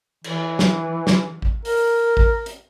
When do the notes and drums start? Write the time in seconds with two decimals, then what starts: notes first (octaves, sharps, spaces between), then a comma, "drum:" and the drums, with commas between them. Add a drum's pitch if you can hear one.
0.24 E3, drum: cymbal
0.59 drum: snare
1.07 drum: snare
1.42 drum: kick A1
1.65 A#4, drum: open hi-hat
2.17 drum: kick A1
2.46 drum: hi-hat